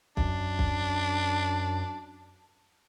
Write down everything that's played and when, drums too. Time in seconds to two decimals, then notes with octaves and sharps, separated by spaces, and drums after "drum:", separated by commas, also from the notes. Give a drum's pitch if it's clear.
0.17 F#2 D4, drum: kick
0.59 drum: kick